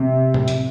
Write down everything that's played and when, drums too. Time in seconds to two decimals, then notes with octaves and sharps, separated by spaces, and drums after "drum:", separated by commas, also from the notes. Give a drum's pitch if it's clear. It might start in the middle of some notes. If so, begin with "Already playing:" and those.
Already playing: C3
0.34 drum: tom
0.48 drum: hi-hat